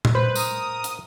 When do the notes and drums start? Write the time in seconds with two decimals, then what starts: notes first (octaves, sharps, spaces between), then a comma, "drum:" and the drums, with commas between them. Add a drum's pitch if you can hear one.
0.05 drum: tom A#2
0.15 B4 C5
0.36 A#4 A#5 D#6, drum: tambourine
0.84 drum: hi-hat